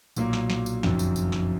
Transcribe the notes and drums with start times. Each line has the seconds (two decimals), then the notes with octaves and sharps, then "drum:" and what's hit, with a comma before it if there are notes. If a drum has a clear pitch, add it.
0.16 B1 A#2 F#3 A#3, drum: tambourine
0.33 drum: snare
0.50 drum: snare
0.66 drum: tambourine
0.83 F#1 F2 D#3 F#3, drum: snare
0.99 drum: tambourine
1.16 drum: tambourine
1.32 drum: snare